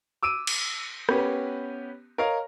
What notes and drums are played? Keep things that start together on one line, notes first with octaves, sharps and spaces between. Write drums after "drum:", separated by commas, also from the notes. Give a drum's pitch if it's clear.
D6 E6 D7 D#7
drum: cymbal
B3 C#4 G4 B4, drum: rim click
A#4 C#5 D#5 F5